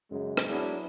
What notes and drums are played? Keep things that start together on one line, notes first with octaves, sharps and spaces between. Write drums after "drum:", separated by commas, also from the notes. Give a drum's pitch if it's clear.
F#2 C#3 G#3
drum: rim click
F#3 B3 D4 E4 G#4